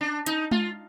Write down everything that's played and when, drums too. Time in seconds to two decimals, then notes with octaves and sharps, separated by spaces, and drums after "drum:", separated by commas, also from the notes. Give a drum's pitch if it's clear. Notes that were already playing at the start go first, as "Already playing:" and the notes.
0.01 D4
0.26 D#4, drum: hi-hat
0.51 F4, drum: tom G#3